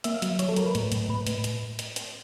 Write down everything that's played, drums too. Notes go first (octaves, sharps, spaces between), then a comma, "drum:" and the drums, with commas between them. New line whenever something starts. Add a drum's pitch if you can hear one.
A#3 E5, drum: hi-hat
F5
F#3 E5, drum: hi-hat
F#3 C#5, drum: hi-hat
A4
F#3 A#4, drum: hi-hat
B4
A2, drum: hi-hat
A2, drum: hi-hat
A2 B4
A2, drum: hi-hat
drum: hi-hat
drum: hi-hat
drum: hi-hat